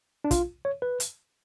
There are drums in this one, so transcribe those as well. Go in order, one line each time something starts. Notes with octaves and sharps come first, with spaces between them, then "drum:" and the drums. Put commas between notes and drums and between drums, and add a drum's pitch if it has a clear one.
D4
F4, drum: kick, hi-hat
C#5
B4
drum: hi-hat